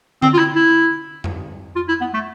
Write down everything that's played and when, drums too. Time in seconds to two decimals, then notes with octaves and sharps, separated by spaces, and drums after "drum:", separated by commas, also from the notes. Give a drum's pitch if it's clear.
0.22 C4, drum: tom D3
0.33 F4
0.39 E4
0.56 E4
1.24 drum: tom F2
1.76 F4
1.88 E4
2.01 B3
2.14 A3